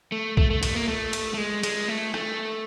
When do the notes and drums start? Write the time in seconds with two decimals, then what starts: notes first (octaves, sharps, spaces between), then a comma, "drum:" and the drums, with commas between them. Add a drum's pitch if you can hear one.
0.12 A3
0.37 A3, drum: kick
0.50 A3
0.63 A3, drum: cymbal
0.75 A#3
0.88 A3
1.13 drum: cymbal
1.34 A3
1.38 G#3
1.63 G#3, drum: cymbal
1.88 A3
2.14 A3, drum: rim click